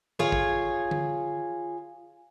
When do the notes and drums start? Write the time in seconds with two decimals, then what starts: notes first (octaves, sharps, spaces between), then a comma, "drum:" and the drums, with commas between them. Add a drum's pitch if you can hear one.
0.19 F4 G#4 C#5, drum: tom D3
0.32 drum: kick
0.91 drum: tom D3